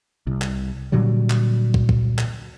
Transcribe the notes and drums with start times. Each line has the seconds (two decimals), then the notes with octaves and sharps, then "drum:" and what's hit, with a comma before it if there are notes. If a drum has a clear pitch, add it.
0.27 C2
0.42 drum: clap
0.92 A#2 D3 F#3 G3
1.30 drum: clap
1.74 drum: kick
1.89 drum: kick
2.18 drum: clap